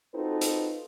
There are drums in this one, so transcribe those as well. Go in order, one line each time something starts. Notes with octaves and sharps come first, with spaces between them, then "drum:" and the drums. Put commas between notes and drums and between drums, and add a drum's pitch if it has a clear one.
C4 D#4 F4 F#4 A4 B4
drum: hi-hat